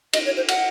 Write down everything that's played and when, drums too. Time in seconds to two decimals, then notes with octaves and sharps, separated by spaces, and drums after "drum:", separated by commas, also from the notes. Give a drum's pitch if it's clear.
0.13 D#5, drum: cymbal
0.25 C#5
0.37 C5
0.48 F#5, drum: cymbal